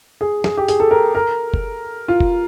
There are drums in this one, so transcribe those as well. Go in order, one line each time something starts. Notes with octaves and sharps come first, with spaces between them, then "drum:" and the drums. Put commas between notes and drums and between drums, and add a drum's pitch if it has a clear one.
G#4
G#4, drum: snare
G4
G#4, drum: hi-hat
A4
A#4
A#4
drum: kick
F4
drum: kick